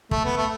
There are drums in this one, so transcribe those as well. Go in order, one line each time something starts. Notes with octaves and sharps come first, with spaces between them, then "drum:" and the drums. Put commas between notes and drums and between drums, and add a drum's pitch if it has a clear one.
A3, drum: kick
B3
A3